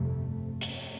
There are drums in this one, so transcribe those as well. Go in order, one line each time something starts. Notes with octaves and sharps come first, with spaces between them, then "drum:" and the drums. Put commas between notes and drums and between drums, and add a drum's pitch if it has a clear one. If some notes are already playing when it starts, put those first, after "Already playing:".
Already playing: G1 F2 C3 A3
drum: hi-hat